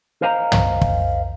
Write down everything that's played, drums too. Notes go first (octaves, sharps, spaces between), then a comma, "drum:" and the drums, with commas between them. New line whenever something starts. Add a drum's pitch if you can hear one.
A#4 C5 D#5 F5 G#5 A#5
drum: tom
drum: kick